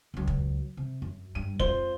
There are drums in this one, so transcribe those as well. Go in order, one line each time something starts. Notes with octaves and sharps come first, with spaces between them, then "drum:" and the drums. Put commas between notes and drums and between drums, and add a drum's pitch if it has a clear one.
C#2 F#3
drum: kick
C3
F#2
G2 D#7
F2 G#3 F4 C5 G7, drum: kick